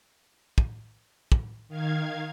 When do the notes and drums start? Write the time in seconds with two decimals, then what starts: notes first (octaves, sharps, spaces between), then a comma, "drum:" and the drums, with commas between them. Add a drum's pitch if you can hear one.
0.58 drum: kick
1.32 drum: kick
1.69 D#3 F5 G#6